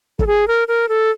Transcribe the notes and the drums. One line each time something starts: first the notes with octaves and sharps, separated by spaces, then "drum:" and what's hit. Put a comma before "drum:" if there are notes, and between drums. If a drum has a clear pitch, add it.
A4, drum: kick
G#4
A#4
A#4
A4